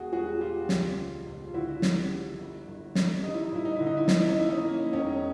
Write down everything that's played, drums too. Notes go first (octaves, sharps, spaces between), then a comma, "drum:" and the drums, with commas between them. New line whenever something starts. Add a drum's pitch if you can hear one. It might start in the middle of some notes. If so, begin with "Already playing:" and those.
Already playing: E1 F#4 G#4
G3 F#4 G#4
G3 F4 G4
C#2, drum: snare
C#2
C#2
F4
D3 E4 F#4
G3, drum: snare
G3
G1
G1
G1, drum: snare
G3 D#4
E4
D#4
G2 E4
D#4
D3 E4
D#4
E4
F3 D#4, drum: snare
E4
D#4
A#3 E4
C#4 D#4
A#3
E1 C#4 D#4